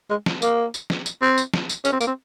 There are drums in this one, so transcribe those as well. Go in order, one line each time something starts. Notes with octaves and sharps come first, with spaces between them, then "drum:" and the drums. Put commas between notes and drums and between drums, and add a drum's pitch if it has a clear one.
G#3
drum: snare
A#3, drum: tambourine
drum: tambourine
drum: snare
drum: tambourine
C4
drum: tambourine
drum: snare
drum: tambourine
C#4, drum: tambourine
C4
A#3, drum: tambourine
C4